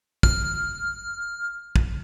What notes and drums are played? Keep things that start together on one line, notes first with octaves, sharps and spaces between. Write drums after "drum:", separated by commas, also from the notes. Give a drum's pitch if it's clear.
F6, drum: kick
drum: kick